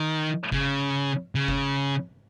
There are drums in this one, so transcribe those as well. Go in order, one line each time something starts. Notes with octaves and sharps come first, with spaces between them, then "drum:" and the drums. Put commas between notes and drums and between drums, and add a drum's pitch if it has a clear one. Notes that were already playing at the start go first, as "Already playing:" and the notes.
Already playing: D#3
C#3, drum: kick F#1
C#3
drum: kick F#1